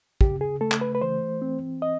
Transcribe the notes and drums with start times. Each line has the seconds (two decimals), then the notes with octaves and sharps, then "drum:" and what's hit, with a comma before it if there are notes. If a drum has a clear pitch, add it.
0.21 C#3 G4, drum: kick
0.41 G#4
0.61 A3 A4
0.72 drum: clap
0.81 B4
0.95 B4
1.02 E3 C5
1.42 C4
1.82 D#5